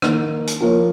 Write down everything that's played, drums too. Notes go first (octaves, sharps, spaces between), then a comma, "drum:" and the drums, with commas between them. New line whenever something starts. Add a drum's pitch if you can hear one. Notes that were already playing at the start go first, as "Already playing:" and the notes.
D#3 A#3 D#4, drum: rim click
drum: hi-hat
F3 A#3 F4 A#4 C#5